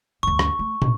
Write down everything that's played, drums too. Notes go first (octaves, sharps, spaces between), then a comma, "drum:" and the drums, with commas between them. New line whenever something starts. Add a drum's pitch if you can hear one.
D2 G2 C#6
drum: rim click
A3
A#2, drum: tom